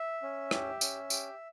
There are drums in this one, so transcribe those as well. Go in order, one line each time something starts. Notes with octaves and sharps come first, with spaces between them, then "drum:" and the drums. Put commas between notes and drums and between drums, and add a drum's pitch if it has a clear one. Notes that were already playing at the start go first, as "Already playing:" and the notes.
Already playing: E5
C#4
G4, drum: rim click
C#4, drum: tambourine
G4, drum: tambourine